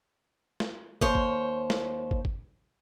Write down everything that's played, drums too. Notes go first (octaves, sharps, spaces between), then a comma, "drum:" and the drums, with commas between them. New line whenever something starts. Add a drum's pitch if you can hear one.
drum: snare
D#2 C5 C#5, drum: kick
drum: kick
drum: snare
drum: kick
drum: kick